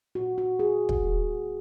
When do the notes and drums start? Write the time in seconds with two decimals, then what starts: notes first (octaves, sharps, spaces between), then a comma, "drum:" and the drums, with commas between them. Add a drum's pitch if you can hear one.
0.15 A#2 F#4
0.38 F#4
0.59 F#3 G#4
0.89 drum: kick
1.03 A#3